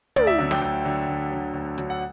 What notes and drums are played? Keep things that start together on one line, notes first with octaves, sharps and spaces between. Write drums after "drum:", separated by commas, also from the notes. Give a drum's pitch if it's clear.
D2 D5, drum: tom
E5
D3 F#3 E5
G5, drum: snare
D2 G5
D3 F#3
D2
D3 F#3
D2
D3 F#3, drum: hi-hat
F#5